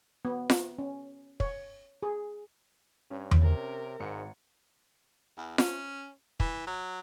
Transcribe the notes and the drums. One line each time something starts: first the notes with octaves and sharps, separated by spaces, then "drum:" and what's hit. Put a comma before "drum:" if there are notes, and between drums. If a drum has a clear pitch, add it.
B3
drum: snare F4
C#4
C#5, drum: kick
G#4
G2 C#4
drum: tom E2
C3 A#4
G#1 G#2 C#7
E2
C#4, drum: snare F4
E3, drum: kick
F#3